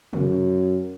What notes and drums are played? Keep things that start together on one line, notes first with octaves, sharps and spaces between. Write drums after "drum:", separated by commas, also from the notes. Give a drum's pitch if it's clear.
F#2, drum: tom C3